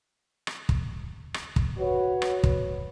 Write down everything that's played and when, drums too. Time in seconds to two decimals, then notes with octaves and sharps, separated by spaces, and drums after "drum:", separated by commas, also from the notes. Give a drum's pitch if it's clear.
0.47 drum: rim click
0.69 drum: kick
1.34 drum: rim click
1.56 drum: kick
1.78 F#4 B4 C#5
2.22 drum: rim click
2.44 drum: kick